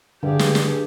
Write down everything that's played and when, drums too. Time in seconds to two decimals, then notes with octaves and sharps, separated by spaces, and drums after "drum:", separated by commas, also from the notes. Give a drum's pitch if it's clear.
0.23 G2 D3 G4 G#4
0.39 drum: snare
0.55 drum: snare